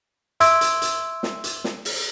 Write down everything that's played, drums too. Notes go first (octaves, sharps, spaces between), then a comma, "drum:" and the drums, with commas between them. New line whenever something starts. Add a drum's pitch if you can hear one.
E5 C6 E6 G#6 B6 D7, drum: hi-hat
drum: hi-hat
drum: hi-hat
drum: snare
drum: hi-hat
drum: snare
drum: open hi-hat